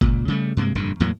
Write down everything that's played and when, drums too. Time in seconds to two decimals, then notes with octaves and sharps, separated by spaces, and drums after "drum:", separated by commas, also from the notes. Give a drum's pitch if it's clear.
0.01 C#2 A#2, drum: kick G1
0.28 C#3 G3 A3
0.57 G2 C3 G#3 A#3
0.75 F1 G2 A#2 D3
1.00 E2 A2 F#3 A#3